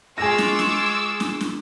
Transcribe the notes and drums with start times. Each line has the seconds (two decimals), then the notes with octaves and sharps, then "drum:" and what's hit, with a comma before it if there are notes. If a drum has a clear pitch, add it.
0.18 G#3 F4 G#4 C#6 D6 E6 A#6
0.38 drum: snare
0.59 drum: snare
1.20 drum: snare
1.41 drum: snare